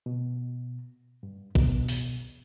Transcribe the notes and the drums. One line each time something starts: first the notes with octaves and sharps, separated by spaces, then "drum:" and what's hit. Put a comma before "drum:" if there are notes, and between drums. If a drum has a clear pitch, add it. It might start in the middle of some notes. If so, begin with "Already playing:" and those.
B2
G2
B2, drum: kick
drum: open hi-hat